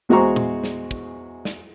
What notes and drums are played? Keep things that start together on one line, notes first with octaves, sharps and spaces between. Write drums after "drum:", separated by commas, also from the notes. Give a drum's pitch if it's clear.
E2 G#3 F#4 C5 A#5 C#6
drum: tom
drum: snare
drum: kick
drum: snare